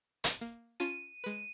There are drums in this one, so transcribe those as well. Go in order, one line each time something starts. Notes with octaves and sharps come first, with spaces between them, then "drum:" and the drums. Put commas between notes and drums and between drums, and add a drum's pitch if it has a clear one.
drum: hi-hat
A#3
C#4 F4 A5 D#7
G#3 B4